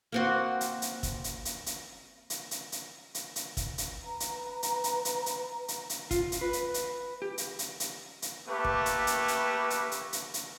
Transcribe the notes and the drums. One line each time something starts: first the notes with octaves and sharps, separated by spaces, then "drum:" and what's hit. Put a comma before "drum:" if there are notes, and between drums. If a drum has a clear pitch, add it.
A#3 C4 F#4
drum: hi-hat
drum: hi-hat
drum: kick, hi-hat
drum: hi-hat
drum: hi-hat
drum: hi-hat
drum: hi-hat
drum: hi-hat
drum: hi-hat
drum: hi-hat
drum: hi-hat
drum: kick, hi-hat
drum: hi-hat
B4 A#5
drum: hi-hat
drum: hi-hat
drum: hi-hat
drum: hi-hat
drum: hi-hat
drum: hi-hat
drum: hi-hat
F4, drum: kick, hi-hat
drum: hi-hat
B4
drum: hi-hat
drum: hi-hat
G4
drum: hi-hat
drum: hi-hat
drum: hi-hat
drum: hi-hat
A3 A#3 G4 B4
drum: kick
drum: hi-hat
drum: hi-hat
drum: hi-hat
drum: hi-hat
drum: hi-hat
drum: hi-hat
drum: hi-hat